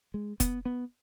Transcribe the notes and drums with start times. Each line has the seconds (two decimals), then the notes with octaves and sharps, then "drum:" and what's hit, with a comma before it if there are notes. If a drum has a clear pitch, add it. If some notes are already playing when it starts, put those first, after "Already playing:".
0.14 G#3
0.40 B3, drum: kick F1, hi-hat
0.65 B3